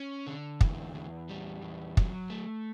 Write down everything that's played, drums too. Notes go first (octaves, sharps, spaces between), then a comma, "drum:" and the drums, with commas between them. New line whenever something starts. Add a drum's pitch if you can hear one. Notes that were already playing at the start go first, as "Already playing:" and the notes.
Already playing: C#4
D3
E2, drum: kick
E2
G3
E2
F#3, drum: kick
A3